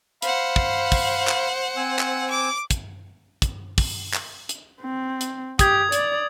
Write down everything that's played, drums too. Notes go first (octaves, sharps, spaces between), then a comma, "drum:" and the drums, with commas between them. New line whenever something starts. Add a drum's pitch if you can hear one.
C5 F5 F#5 B5, drum: hi-hat
drum: kick
drum: kick, open hi-hat
drum: clap
C4 G#5 E6
drum: clap
D6
drum: kick, hi-hat
drum: kick, hi-hat
drum: kick, open hi-hat
drum: clap
drum: hi-hat
C4
drum: hi-hat
G4 D#6 G#6, drum: kick, hi-hat
D5, drum: hi-hat